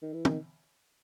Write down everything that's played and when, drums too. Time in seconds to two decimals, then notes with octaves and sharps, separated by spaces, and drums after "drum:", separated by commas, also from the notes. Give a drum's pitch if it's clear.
0.02 D#3
0.13 E3
0.25 D#3, drum: tom